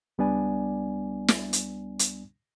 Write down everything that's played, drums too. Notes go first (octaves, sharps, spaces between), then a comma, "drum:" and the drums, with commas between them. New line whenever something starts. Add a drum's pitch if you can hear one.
C#2 G3 B3 D4 D5 G#5
drum: snare
drum: hi-hat
drum: hi-hat